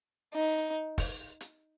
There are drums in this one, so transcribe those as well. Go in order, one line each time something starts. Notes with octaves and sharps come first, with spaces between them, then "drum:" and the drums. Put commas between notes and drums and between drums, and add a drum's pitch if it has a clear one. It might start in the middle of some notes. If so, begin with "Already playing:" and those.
D#4
drum: kick, open hi-hat
drum: hi-hat